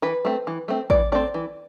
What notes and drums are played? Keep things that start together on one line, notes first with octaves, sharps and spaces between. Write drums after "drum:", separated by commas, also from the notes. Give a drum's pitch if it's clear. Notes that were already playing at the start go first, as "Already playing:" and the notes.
E3 B4
A3 C4
E3
A3 C4
E3 D5, drum: kick
A3 C4 D5
E3